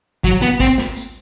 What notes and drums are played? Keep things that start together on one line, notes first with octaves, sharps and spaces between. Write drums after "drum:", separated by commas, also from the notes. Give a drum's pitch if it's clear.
F#3, drum: kick A1, tambourine
B3
C4, drum: kick A1, tambourine
drum: snare
drum: tambourine